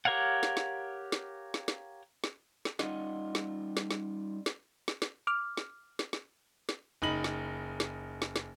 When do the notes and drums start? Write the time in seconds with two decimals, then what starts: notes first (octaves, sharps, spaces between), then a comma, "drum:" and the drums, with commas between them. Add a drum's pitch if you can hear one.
0.05 G4 A#4 C#5 F5 F#5
0.43 drum: snare
0.57 drum: snare
1.12 drum: snare
1.54 drum: snare
1.68 drum: snare
2.24 drum: snare
2.65 drum: snare
2.79 G3 C#4 D#4 F4 D#5 F#5, drum: snare
3.35 drum: snare
3.77 drum: snare
3.91 drum: snare
4.46 drum: snare
4.88 drum: snare
5.02 drum: snare
5.27 D6 F6
5.57 drum: snare
5.99 drum: snare
6.13 drum: snare
6.69 drum: snare
7.02 F#1 D#4 B5 F#7
7.24 drum: snare
7.80 drum: snare
8.22 drum: snare
8.36 drum: snare